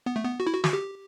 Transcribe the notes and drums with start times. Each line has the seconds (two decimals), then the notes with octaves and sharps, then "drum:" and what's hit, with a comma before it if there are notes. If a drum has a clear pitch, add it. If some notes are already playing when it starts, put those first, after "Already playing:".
0.06 B3
0.16 A3
0.25 B3
0.40 F#4
0.47 E4
0.54 F#4
0.64 F#4, drum: snare
0.73 G4